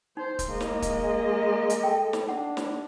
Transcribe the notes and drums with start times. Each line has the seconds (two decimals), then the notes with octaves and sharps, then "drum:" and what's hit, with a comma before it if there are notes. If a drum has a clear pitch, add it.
0.17 D#4 C5
0.39 drum: kick, hi-hat
0.50 G#3 A#3 D#5
0.61 drum: snare
0.82 drum: kick, hi-hat
1.70 drum: hi-hat
1.83 A4 G5
2.13 drum: snare
2.29 D4 F#5
2.57 drum: snare